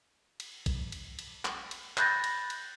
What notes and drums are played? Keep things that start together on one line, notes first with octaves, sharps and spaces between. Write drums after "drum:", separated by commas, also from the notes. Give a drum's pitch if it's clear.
drum: cymbal
drum: kick, cymbal
drum: cymbal
drum: cymbal
drum: clap
drum: cymbal
B5 F#6 G6 A6 A#6, drum: clap
drum: cymbal
drum: cymbal